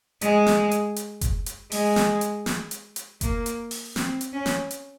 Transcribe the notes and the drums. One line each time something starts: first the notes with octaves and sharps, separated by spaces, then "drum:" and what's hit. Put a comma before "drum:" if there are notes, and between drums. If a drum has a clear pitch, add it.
G#3, drum: hi-hat
drum: snare
drum: hi-hat
drum: hi-hat
drum: kick F#1, hi-hat
drum: hi-hat
G#3, drum: open hi-hat
drum: snare
drum: hi-hat
drum: snare
drum: hi-hat
drum: hi-hat
A#3, drum: kick F#1, hi-hat
drum: hi-hat
drum: open hi-hat
C4, drum: snare
drum: hi-hat
C#4
drum: snare
drum: hi-hat